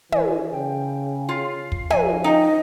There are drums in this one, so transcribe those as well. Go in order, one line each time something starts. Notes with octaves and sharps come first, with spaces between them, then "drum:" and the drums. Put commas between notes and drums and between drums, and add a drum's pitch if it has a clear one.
E3 G#5, drum: tom
C#3 G5
F4 C7
drum: kick
F3 E5 G#5, drum: tom
D#4 D#5 G5